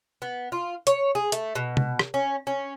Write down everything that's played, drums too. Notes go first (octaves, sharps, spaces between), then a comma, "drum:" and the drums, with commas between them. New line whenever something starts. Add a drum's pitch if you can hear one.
B3
F4
C#5, drum: hi-hat
G#4
A3, drum: hi-hat
B2
drum: tom C3
drum: rim click
C#4
C#4